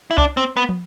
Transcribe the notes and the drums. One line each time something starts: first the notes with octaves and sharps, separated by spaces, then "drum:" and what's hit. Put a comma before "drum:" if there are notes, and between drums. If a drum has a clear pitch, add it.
E4
D4, drum: kick C2
C4
B3
drum: tom